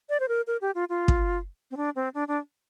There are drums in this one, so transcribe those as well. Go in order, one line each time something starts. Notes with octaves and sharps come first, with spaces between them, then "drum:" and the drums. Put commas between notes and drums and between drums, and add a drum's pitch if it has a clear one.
D5
C5
A#4
A#4
G4
F4
F4
drum: kick
C4
D4
C4
D4
D4